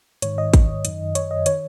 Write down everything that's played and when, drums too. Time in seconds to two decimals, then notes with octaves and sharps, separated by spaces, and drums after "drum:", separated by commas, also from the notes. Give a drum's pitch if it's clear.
0.22 G#2 D#3 C#5, drum: hi-hat
0.38 D#5
0.54 drum: kick A1, hi-hat
0.85 F#2 D#3, drum: hi-hat
1.15 C#5, drum: hi-hat
1.31 D#5
1.46 D#3 C#5, drum: hi-hat